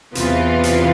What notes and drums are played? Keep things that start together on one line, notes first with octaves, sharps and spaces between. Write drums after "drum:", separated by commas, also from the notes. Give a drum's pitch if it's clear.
E2 C3 E3 B3 F4, drum: hi-hat
drum: hi-hat